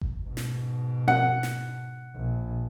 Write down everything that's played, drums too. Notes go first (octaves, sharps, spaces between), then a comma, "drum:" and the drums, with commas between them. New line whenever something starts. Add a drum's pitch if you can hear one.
drum: kick G1
G#2 B2
drum: snare
F#5, drum: tom C4
drum: snare
A#1